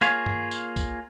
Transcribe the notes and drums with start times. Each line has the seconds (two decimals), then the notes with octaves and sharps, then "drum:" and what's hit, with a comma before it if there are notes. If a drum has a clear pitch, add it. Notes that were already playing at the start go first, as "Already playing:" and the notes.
0.01 A#3 F4 G#4 C#5, drum: tambourine
0.26 drum: tom G2
0.51 drum: tambourine
0.76 drum: kick, tambourine